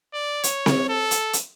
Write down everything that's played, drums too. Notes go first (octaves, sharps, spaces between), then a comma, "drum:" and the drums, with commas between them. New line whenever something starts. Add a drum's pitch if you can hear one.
D5
C#5, drum: hi-hat
drum: snare C4
A4
drum: hi-hat
drum: hi-hat